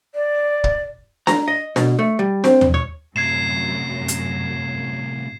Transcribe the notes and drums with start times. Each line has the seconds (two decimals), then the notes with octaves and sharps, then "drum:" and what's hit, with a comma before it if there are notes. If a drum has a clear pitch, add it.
0.15 D5
0.64 drum: kick
1.27 A#5, drum: snare D4
1.48 D#5
1.76 B2, drum: snare D4
1.99 A3
2.19 G3
2.44 C4, drum: snare D4
2.61 drum: tom D#2
2.74 C#5
3.16 F#2 A2 C3 G#6 C7 E7
4.08 drum: hi-hat